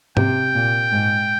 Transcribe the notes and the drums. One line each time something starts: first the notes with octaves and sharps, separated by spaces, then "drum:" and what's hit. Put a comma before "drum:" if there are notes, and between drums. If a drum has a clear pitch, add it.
C3 G5, drum: tom G#2
A#2
G#2